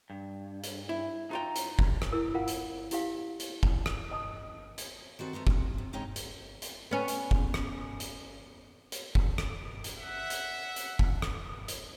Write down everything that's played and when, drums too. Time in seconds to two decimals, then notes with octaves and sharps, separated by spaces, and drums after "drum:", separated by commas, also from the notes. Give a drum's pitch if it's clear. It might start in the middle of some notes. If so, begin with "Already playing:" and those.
0.10 G2
0.64 drum: hi-hat
0.89 E4
1.31 F#2 D#4 F4 G5 A#5
1.56 drum: hi-hat
1.79 drum: kick
2.02 drum: rim click
2.12 E4 A#4 E6
2.34 F4 A#4 F5 F#5
2.48 drum: hi-hat
2.91 E4 G4 F5, drum: hi-hat
3.40 drum: hi-hat
3.63 drum: kick
3.86 drum: rim click
4.11 D#5 A5 D#6
4.78 drum: hi-hat
5.19 D#3 C4 F#4 A4
5.33 A3 B3 A#4 C5
5.47 C3 F#5, drum: kick
5.78 C3
5.93 G#3 C#4 D#4 C#5 G5
6.16 drum: hi-hat
6.62 drum: hi-hat
6.91 B3 C#4
7.08 drum: hi-hat
7.31 drum: kick
7.54 drum: rim click
8.00 drum: hi-hat
8.92 drum: hi-hat
9.15 drum: kick
9.38 drum: rim click
9.84 drum: hi-hat
9.99 E5 F#5
10.30 drum: hi-hat
10.76 drum: hi-hat
10.99 drum: kick
11.22 drum: rim click
11.68 drum: hi-hat